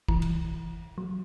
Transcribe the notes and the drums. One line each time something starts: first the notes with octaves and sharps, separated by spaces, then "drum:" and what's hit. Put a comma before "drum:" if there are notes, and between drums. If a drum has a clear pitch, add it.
E3, drum: kick
drum: cymbal
F#3